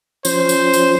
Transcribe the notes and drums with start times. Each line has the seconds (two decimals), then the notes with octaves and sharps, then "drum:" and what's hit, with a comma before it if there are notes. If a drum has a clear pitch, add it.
0.25 F3 C#4 C5, drum: tambourine
0.49 drum: tambourine
0.73 drum: tambourine